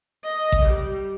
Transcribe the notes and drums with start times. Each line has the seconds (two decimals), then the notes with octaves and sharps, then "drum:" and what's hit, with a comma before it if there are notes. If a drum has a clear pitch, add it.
0.23 D#5
0.52 drum: kick A1
0.65 G3